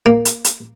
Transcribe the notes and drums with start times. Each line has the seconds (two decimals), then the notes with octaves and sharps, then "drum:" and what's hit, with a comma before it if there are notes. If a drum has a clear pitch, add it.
0.06 A#3
0.25 drum: hi-hat
0.44 drum: hi-hat